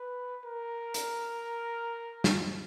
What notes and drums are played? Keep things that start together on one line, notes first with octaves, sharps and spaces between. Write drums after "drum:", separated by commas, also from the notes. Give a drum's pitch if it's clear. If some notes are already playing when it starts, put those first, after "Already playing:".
Already playing: B4
A#4
drum: hi-hat
drum: snare